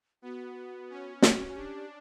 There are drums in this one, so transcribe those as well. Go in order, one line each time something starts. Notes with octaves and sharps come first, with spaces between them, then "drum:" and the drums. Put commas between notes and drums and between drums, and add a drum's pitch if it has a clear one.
B3 F#4
C#4
C#4 F#4, drum: snare
D4 G4